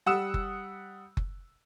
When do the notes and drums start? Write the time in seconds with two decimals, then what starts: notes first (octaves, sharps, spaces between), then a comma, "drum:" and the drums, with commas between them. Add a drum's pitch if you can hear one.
0.06 G3 F#5 D#6 E6 E7
0.34 drum: kick F#1
1.17 drum: kick F#1